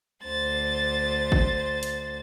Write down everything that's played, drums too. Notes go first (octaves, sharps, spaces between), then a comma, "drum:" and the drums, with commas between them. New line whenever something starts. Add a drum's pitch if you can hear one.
D2 C5 A6
drum: kick G#1
drum: hi-hat